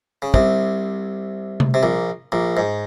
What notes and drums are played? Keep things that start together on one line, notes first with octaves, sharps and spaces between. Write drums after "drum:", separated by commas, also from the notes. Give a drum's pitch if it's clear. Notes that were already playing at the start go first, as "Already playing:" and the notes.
C#3
C2 C3, drum: kick
drum: tom C3
C3
A#1 A#2
A#1 A#2
G#2